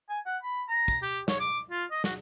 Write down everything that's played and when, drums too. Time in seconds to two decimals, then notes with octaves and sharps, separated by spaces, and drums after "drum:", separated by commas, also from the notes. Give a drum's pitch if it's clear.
0.09 G#5
0.26 F#5
0.43 B5
0.69 A#5
0.88 drum: kick, tambourine
1.02 G4
1.28 C#5, drum: snare
1.40 D6
1.71 F4
1.91 D#5
2.04 F#4, drum: snare